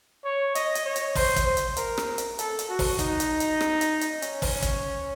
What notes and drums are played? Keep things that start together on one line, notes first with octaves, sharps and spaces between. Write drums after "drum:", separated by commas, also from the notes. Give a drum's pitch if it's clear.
C#5
D#5, drum: hi-hat
drum: hi-hat
C#5
drum: hi-hat
C5, drum: kick, open hi-hat
drum: kick, hi-hat
C5
drum: hi-hat
A#4, drum: hi-hat
drum: rim click
drum: hi-hat
A4, drum: hi-hat
drum: hi-hat
F#4
drum: kick, open hi-hat
D#4, drum: kick, hi-hat
drum: hi-hat
drum: hi-hat
drum: rim click
drum: hi-hat
drum: hi-hat
C#4, drum: hi-hat
drum: kick, open hi-hat
drum: kick, hi-hat